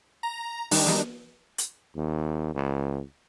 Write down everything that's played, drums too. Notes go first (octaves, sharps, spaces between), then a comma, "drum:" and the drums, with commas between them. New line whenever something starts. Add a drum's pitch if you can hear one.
A#5
D#3 G3 D4 D#4, drum: open hi-hat
drum: snare
drum: hi-hat
D#2
C#2